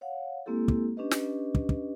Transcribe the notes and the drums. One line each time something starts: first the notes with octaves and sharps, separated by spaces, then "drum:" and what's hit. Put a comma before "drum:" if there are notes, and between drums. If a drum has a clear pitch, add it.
C#5 F5 F#5
G#3 A#3 C4 E4 G4 A4
drum: kick
C#4 D4 G4 B4 D#5
drum: snare
drum: kick
drum: kick